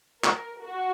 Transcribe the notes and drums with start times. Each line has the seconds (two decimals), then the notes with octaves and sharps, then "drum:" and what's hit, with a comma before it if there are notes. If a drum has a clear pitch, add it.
0.24 A#4, drum: clap
0.63 F#4